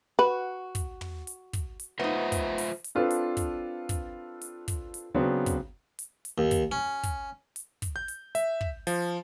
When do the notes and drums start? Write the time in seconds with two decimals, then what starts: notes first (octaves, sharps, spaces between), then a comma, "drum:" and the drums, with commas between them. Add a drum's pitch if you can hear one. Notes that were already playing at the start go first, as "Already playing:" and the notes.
0.19 F#4 B4
0.75 drum: kick, hi-hat
1.01 drum: tom
1.27 drum: hi-hat
1.53 drum: kick, hi-hat
1.80 drum: hi-hat
2.00 B3 D#4 F4 C5 E5
2.32 drum: kick, hi-hat
2.58 drum: open hi-hat
2.84 drum: hi-hat
2.95 C4 D4 F4 A4 B4
3.11 drum: hi-hat
3.37 drum: kick, hi-hat
3.89 drum: kick, hi-hat
4.41 drum: hi-hat
4.68 drum: kick, hi-hat
4.94 drum: hi-hat
5.14 C#3 F#3 B3 C4 D4
5.46 drum: kick, hi-hat
5.99 drum: hi-hat
6.25 drum: hi-hat
6.38 D#2
6.51 drum: kick, hi-hat
6.72 C#4
7.03 drum: kick, hi-hat
7.56 drum: hi-hat
7.82 drum: kick, hi-hat
7.96 G6
8.08 drum: hi-hat
8.35 E5, drum: hi-hat
8.61 drum: kick
8.87 F3, drum: open hi-hat